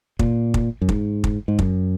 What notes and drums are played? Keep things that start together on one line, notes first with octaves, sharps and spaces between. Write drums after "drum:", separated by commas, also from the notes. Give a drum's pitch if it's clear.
A#2, drum: kick
drum: kick
F#2
G#2, drum: kick
drum: kick
G#2
F#2, drum: kick